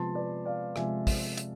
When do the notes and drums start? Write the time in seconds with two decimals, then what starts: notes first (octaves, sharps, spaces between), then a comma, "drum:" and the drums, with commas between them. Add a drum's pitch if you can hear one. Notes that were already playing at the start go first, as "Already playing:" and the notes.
Already playing: C3 F3 G#3 B3 A5 C6
0.15 B4 D5
0.46 D5 F5
0.76 C3 F3 G#3 B3 E5 G#5, drum: rim click
1.07 drum: kick, open hi-hat
1.38 drum: hi-hat